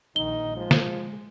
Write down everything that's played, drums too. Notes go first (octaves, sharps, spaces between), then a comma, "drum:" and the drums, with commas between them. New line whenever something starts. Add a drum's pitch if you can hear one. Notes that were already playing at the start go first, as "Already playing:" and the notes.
A#1 D#3 D#4 G7
F3 G#3
drum: snare